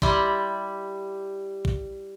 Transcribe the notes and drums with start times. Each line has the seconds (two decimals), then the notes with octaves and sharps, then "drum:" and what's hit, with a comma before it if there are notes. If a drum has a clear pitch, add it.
0.02 G3 E4 G4 D5 C6, drum: kick A#1
1.65 drum: kick A#1